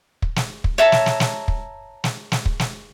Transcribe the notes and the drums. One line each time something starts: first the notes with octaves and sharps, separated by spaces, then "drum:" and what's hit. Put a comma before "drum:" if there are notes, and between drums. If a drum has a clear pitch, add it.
drum: kick
drum: snare
drum: kick
C#5 E5 A5 A#5
drum: snare
drum: snare
drum: snare
drum: kick
drum: snare
drum: snare
drum: kick
drum: snare